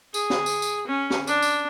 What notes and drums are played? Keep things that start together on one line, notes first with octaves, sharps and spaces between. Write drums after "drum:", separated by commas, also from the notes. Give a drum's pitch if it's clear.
G#4, drum: tambourine
drum: snare
drum: tambourine
drum: tambourine
C#4
drum: snare
D4, drum: tambourine
drum: tambourine